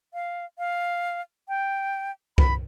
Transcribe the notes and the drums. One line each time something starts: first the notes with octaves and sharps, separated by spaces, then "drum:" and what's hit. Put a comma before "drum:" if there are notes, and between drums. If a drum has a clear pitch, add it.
F5
F5
G5
B5, drum: kick C2